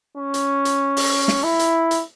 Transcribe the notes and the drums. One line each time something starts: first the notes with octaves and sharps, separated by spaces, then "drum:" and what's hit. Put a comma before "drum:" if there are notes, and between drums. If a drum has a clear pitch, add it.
C#4
drum: hi-hat
drum: hi-hat
drum: open hi-hat
drum: snare
E4
drum: hi-hat
drum: hi-hat